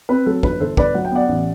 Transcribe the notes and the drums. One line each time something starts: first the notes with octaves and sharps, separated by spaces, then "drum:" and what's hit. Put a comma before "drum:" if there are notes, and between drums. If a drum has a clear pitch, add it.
C4 B4
F#3 A4
G1 B4, drum: kick
G1 A4 C5
G1 B4 D5, drum: kick
F#3 F#5
G5
B3 D5 F#5
A1